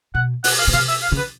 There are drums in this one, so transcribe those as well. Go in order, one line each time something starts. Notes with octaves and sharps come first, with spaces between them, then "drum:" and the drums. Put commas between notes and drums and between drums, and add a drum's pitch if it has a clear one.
B2 F#5
F#5, drum: open hi-hat
F5
B2
C3 F5
E5
F5
C#3
B4